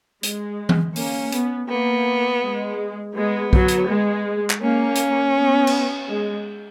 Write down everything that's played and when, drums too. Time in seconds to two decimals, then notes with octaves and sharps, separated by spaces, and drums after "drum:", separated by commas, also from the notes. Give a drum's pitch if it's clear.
0.23 G#3, drum: hi-hat
0.69 drum: tom E3
0.96 A#3 C#4, drum: open hi-hat
1.32 B3, drum: hi-hat
1.69 A#3 B3
2.42 G#3
3.16 G#3 B3
3.53 F#3, drum: kick B1
3.68 drum: hi-hat
3.88 G#3
4.50 drum: clap
4.62 A#3 C#4
4.95 drum: hi-hat
5.36 B3
5.67 drum: cymbal
6.09 G#3